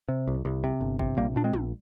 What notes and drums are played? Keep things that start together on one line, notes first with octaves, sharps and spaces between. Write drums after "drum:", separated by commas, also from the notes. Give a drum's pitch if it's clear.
C3
C2
C2
C3
G1
C3, drum: kick G#1
A#1 G3 A#3
A#2 D4
G#3 C4
A#1, drum: tom